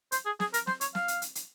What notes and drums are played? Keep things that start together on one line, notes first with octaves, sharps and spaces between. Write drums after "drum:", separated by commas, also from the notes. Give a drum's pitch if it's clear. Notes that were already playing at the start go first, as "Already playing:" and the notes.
C5, drum: hi-hat
G#4
G#4, drum: snare
A#4, drum: hi-hat
C5, drum: snare
C#5, drum: hi-hat
F5, drum: snare
drum: hi-hat
drum: hi-hat
drum: hi-hat